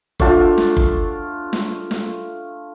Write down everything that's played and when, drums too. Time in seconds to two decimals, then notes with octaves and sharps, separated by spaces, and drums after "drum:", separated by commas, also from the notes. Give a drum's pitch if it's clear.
0.20 A3 D4 F4 A5, drum: kick F#1
0.58 drum: snare
0.77 drum: kick F#1
1.53 drum: snare
1.91 drum: snare